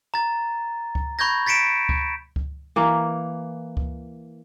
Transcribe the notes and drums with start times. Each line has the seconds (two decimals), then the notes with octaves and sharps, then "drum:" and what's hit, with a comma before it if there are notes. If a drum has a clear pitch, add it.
0.14 A#5 A6
0.95 drum: kick C#2
1.19 B5 C#6 G6 G#6 A#6
1.46 A6 B6 C#7 D7 E7
1.89 drum: kick C#2
2.36 drum: kick C#2
2.76 E3 A#3
3.77 drum: kick C#2